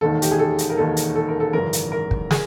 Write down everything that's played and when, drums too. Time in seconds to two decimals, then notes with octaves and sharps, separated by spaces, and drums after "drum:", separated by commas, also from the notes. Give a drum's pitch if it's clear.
0.01 E1 D#2 D#3 A4
0.22 G4, drum: hi-hat
0.31 G#4
0.39 A4
0.58 drum: hi-hat
0.70 A#4
0.77 E1 D#2 D#3 A4
0.97 drum: hi-hat
1.16 A4
1.29 A#4
1.40 A4
1.53 G#1 F#2 C#3 E3 A#4
1.73 drum: hi-hat
1.92 A#4
2.11 drum: kick
2.31 G#4, drum: snare